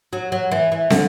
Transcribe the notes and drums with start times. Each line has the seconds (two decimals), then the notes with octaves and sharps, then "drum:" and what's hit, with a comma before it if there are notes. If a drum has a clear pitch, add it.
0.13 F#3
0.32 F#3
0.52 E3
0.72 E3
0.90 D3, drum: snare